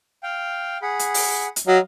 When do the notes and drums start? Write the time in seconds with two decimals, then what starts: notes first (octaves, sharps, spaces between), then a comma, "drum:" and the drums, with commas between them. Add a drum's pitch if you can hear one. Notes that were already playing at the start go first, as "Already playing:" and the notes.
0.23 F5 G5
0.82 G#4 F#5 B5
0.99 drum: hi-hat
1.14 drum: open hi-hat
1.56 drum: hi-hat
1.67 F#3 D#5 F5